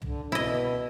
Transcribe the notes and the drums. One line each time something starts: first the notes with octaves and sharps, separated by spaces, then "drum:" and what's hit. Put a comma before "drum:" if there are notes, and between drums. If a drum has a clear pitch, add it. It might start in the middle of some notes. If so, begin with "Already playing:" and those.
D3, drum: tom
B2 E4 D#5